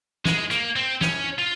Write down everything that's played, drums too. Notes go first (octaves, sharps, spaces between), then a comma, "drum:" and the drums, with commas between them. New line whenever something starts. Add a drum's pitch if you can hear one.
G#3, drum: snare
A#3, drum: hi-hat
C4
C#4, drum: snare
F4